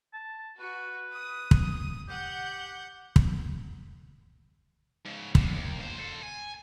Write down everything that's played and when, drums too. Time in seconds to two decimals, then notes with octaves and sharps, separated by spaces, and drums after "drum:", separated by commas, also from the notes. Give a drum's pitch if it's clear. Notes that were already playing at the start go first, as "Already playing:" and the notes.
0.13 A5
0.59 F#4 B4
1.13 D#6
1.51 drum: kick
2.09 G4 F#5 G6
3.16 drum: kick
5.06 G#2 C#3
5.35 A2 D3, drum: kick
5.55 D#2
5.80 A#2 C5
5.99 A4 C5
6.23 G#5